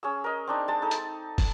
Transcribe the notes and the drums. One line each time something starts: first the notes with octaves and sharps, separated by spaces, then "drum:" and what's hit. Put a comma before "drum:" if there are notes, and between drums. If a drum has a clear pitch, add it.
C#4 G#4 E6
A#4 D#5
C4 D4 D#4
G#3 A5
D#4 A4
drum: hi-hat
drum: kick, open hi-hat